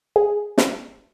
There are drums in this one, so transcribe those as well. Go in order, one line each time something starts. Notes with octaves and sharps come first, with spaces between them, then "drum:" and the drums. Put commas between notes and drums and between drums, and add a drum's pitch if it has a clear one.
G#4
drum: snare